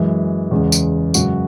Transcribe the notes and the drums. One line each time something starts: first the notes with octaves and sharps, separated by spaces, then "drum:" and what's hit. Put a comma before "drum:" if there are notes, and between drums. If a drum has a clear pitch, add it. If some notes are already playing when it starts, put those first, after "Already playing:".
Already playing: F#2 E3 G#3
E2 C#3 G#3
drum: tambourine
F#2 C#3 G#3 F#4, drum: tambourine